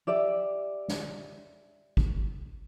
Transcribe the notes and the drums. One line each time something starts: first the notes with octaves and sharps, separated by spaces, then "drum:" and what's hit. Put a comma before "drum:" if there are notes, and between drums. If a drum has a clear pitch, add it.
G4 D5 E5
drum: snare
drum: kick G#1